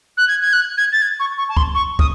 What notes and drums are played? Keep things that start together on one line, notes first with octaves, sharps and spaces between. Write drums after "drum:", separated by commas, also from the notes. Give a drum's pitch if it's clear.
F#6
G#6
G#6
F#6
G#6
A6
G#6
C#6
C#6
A5
C6, drum: kick
C#6
D#6, drum: kick